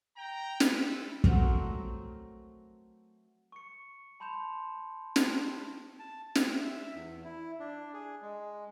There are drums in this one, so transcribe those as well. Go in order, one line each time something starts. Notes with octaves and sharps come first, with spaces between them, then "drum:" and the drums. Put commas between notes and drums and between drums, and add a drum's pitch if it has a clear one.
G5 A#5
C4 E4 A4 B4, drum: snare
F#3 A3 C4 A#4, drum: kick
C#6 C#7
A5 B5 C6 G6 E7 F7
drum: snare
A5
E5, drum: snare
E2
E4
D4
G#4
G#3